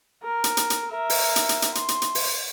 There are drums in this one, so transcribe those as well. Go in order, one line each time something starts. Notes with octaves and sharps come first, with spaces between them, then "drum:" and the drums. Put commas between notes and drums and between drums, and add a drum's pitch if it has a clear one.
A#4
drum: hi-hat
drum: hi-hat
drum: hi-hat
A#4 E5
drum: open hi-hat
drum: hi-hat
drum: hi-hat
drum: hi-hat
C6, drum: hi-hat
drum: hi-hat
drum: hi-hat
drum: open hi-hat